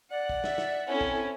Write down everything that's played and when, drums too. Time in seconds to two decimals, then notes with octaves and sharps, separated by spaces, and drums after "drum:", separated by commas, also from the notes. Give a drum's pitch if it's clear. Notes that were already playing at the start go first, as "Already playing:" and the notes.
0.11 D5 F#5
0.29 drum: kick
0.44 E5, drum: snare
0.58 drum: snare
0.88 C4 C#4 E4 A4 G#5
1.01 drum: kick